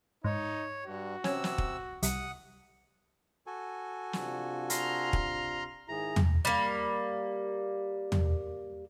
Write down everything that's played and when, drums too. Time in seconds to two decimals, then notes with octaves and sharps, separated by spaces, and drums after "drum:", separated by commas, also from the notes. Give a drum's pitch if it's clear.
0.24 G#2 D#4 C#5
0.86 G2 F#4
1.24 C3 C#4 E6, drum: snare
1.44 drum: snare
1.58 drum: kick
2.03 C2 F#5 D#6, drum: hi-hat
3.47 F#4 A4 G#5
4.13 C3 D4 F4, drum: snare
4.70 A#5 C6 F6, drum: hi-hat
5.13 drum: kick
5.88 G#2 D#3 E4 G#4 A#5
6.16 drum: tom
6.45 G3 A#3
8.12 drum: tom